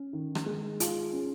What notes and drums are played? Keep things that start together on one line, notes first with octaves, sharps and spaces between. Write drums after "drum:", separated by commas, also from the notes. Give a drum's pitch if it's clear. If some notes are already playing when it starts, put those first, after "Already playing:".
Already playing: C#4
D#3
drum: rim click
G#3
F4, drum: hi-hat
C#4